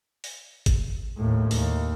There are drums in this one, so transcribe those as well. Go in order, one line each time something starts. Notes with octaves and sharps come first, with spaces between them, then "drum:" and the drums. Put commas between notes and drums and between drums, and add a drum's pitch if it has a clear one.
drum: open hi-hat
drum: kick, hi-hat
D#2 A2
D#2, drum: open hi-hat